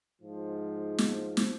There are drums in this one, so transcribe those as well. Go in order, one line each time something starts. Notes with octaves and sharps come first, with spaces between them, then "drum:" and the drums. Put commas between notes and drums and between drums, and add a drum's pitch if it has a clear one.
G#2 F3
drum: snare
drum: snare